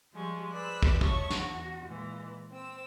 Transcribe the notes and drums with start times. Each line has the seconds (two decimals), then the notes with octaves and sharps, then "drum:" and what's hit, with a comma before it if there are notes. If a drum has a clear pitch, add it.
0.13 F3 G3 G#3 C#6
0.51 G#4 B4 C5 D5 E6 F#6
0.83 drum: kick
1.01 C#5 D#5 E5 A5 C#6, drum: kick
1.30 E2 F#4, drum: snare
1.86 A#2 E3 G#3
2.50 C4 E6